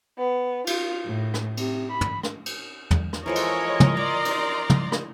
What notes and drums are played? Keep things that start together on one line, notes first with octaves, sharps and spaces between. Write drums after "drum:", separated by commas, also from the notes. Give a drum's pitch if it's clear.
B3
F4, drum: cymbal
A2
drum: rim click
C3, drum: cymbal
B5
drum: tom
drum: rim click
drum: cymbal
drum: tom
drum: rim click
E3 F3 G#3 A4 A#4 C#5 D#5
drum: cymbal
drum: tom
A#4 C#5 D5 A#5 C6
drum: cymbal
drum: tom
drum: rim click